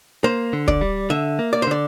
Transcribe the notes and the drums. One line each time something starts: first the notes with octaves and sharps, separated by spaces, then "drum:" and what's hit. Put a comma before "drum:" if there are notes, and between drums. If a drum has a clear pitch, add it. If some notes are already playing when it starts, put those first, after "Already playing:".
A#3 C5
D3
D5, drum: kick
G3
D3 E5
A#3
D5
C5
D3 D5